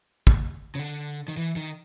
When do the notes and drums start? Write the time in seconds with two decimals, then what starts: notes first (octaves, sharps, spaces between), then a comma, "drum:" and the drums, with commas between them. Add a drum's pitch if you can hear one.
0.27 drum: kick
0.75 C#3
0.79 D3
1.28 D#3
1.37 E3
1.56 D#3